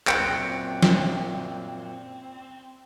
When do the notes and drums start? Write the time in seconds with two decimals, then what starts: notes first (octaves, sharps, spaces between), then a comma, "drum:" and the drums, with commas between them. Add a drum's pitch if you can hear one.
0.08 F#2 A#2 C4 G5 F#6 C#7 D7, drum: clap
0.82 drum: snare